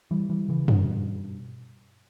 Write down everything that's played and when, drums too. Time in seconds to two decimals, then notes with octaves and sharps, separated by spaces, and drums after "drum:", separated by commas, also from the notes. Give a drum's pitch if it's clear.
0.11 E3 G3
0.30 E3 G3
0.49 C#3 E3
0.68 G2 B2, drum: tom F#2